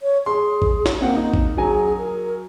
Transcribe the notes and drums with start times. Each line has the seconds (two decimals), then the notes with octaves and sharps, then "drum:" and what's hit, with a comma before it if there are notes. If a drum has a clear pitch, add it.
0.02 C#5
0.26 G#4 C6
0.62 drum: kick
0.86 drum: snare
1.01 A#3 C4 F#5
1.15 D#4
1.34 drum: kick
1.57 F#3 G#4 G#5 A#5
1.98 A#4